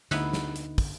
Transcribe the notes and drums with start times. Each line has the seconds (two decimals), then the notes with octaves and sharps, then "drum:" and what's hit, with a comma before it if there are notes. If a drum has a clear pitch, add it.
0.11 D2 D3 B3 D#4 E4 B4, drum: snare
0.33 drum: snare
0.56 drum: hi-hat
0.78 drum: kick, open hi-hat